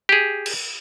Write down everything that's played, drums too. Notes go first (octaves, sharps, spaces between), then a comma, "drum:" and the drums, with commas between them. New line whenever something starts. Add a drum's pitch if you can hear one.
G4 G#4
drum: cymbal